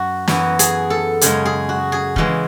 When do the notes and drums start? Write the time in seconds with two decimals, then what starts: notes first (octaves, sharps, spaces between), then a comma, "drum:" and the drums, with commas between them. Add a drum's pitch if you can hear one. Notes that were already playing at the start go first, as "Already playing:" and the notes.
Already playing: F#2 F#4
0.28 F#2 E3 B3 F#4, drum: snare
0.59 G#4, drum: hi-hat
0.90 A4
1.21 F#2 C#3 G#3 G#4, drum: hi-hat
1.45 G#4
1.69 F#4
1.92 G#4
2.16 C#3 E3 G#3, drum: kick